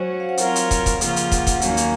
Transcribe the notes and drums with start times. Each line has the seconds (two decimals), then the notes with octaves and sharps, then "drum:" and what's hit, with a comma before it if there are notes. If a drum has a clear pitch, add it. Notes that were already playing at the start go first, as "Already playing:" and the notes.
Already playing: F#3 C#4 F#4 C5 C#5
0.20 F5
0.29 F#5
0.37 F#3 C4 F4 A#4 C#5 F5, drum: hi-hat
0.56 drum: hi-hat
0.71 drum: kick, hi-hat
0.86 drum: kick, hi-hat
1.01 C#3 F3 A#3 F4 F5, drum: hi-hat
1.16 drum: hi-hat
1.32 F#5, drum: kick, hi-hat
1.47 drum: kick, hi-hat
1.61 D#2 D#3 F#3 A#3 C#4 F5, drum: hi-hat
1.77 drum: hi-hat